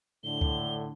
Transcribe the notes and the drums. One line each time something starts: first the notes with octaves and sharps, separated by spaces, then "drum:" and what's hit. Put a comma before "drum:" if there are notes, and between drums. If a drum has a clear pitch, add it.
A2 D3 G7
drum: kick C#2